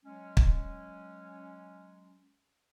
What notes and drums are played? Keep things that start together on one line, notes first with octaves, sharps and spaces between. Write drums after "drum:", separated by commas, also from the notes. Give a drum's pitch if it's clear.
F#3 G#3 C#4
drum: kick